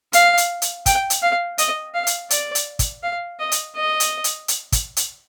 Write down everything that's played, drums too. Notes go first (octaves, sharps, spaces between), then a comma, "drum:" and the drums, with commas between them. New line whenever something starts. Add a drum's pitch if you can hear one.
F5, drum: hi-hat
drum: hi-hat
drum: hi-hat
G5, drum: kick, hi-hat
drum: hi-hat
F5
D#5, drum: hi-hat
F5
drum: hi-hat
D5, drum: hi-hat
drum: hi-hat
drum: kick, hi-hat
F5
D#5
drum: hi-hat
D#5
drum: hi-hat
drum: hi-hat
drum: hi-hat
drum: kick, hi-hat
drum: hi-hat